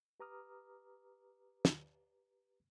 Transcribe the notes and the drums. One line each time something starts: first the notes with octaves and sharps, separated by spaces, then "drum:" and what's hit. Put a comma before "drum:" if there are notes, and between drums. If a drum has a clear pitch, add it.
G4 B4 A#5 D6 D#6 F6
drum: snare